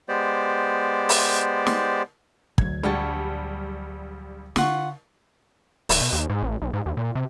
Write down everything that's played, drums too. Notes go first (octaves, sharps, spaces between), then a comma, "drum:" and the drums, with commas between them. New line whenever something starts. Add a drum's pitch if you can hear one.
G#3 B3 G4 C5 D5
drum: open hi-hat
drum: snare
D2 F#3 G#6, drum: kick
A#1 G3 F#4 G5 A5 G#6
D3 F4 F#5 C#6, drum: snare
D1, drum: open hi-hat
B2
D#2
G#2
A1
B1
G#2
D#2
A#2
C3